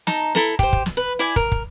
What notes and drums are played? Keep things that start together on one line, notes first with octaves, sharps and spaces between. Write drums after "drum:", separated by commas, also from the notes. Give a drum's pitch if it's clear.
D#4 A5 A#5, drum: snare
E4 A4 A#5, drum: snare
G4 C5, drum: kick, hi-hat
drum: kick
drum: snare
B4
E4 D5 G#5
A#4, drum: kick, hi-hat
drum: kick